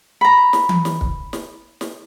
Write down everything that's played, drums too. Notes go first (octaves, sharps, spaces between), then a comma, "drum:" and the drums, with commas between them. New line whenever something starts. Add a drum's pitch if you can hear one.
A#5 B5
drum: snare
drum: tom E3
drum: snare
drum: kick
drum: snare
drum: snare